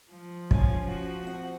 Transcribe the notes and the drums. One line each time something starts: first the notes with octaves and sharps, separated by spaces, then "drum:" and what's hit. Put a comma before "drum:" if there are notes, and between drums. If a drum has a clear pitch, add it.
F3
C#4 F5 G#5, drum: kick
F#4
C4 F#5